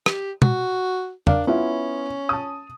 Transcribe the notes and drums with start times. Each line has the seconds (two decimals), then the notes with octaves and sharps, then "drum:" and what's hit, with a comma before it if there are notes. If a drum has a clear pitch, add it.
0.06 G4, drum: rim click
0.42 F#4, drum: tom
1.27 D4 A#4 D5 F5, drum: tom
1.47 B3 C#4 E4 F4
2.29 A5 D#6